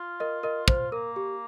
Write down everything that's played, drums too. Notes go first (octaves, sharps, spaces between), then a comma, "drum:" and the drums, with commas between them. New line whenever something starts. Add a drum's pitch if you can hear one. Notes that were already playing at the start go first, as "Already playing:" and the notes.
Already playing: F4
A#4 D#5
A#4 D#5
C5, drum: kick
A#3 A#4
G4